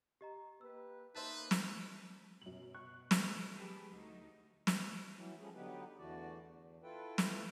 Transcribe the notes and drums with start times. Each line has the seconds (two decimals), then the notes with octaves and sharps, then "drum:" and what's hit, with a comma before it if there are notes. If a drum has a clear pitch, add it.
0.21 G4 D#5 A#5
0.61 A#3 G4 B4 E6
1.15 A#3 B3 D#4 B4 C5 E5 A5
1.51 drum: snare
2.42 F#2 B2 F#7
2.75 C#6 F#6
3.11 A3, drum: snare
3.56 G4 G#4 B4 A5
3.93 D2 F#3 A3 D#4 A4
4.67 drum: snare
5.16 E3 F#3
5.40 F3 G3 A3 C#4 G#4
5.55 D3 F#3 B3 D#4 G4 B4
5.99 E2 D3 E3 A3 F#4 D5
6.42 E2
6.83 E4 F4 A4 B4 G5
7.18 drum: snare